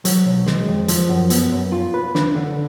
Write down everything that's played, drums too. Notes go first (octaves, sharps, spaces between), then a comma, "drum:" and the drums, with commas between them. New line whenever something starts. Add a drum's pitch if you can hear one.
F#3, drum: hi-hat
B1
G#3, drum: snare
F2
F3, drum: hi-hat
F#2
B3, drum: hi-hat
F#2
F4
B4
D4, drum: snare
D3